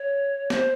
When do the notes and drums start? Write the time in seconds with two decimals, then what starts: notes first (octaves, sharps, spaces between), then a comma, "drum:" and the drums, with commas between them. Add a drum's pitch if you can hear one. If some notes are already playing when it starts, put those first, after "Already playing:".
Already playing: C#5
0.50 C5, drum: snare